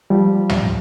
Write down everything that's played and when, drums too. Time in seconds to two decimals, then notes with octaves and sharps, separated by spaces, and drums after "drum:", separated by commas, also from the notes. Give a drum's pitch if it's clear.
0.10 F3 G3
0.49 drum: tom